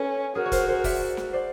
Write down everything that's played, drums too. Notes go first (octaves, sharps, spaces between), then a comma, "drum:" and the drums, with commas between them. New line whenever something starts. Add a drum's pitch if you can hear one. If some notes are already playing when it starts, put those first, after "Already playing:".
Already playing: C#4 A4 B4
F#4 G#4 A#4
C#5
A#4 C5, drum: kick, hi-hat
A#4 C5
D5 E5, drum: kick, open hi-hat
drum: snare
C5 D5